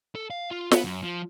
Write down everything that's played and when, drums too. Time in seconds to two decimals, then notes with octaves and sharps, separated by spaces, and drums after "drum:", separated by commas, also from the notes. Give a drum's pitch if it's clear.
0.15 A4
0.30 F5
0.51 F4
0.71 B3, drum: snare
0.84 F#2
1.03 F3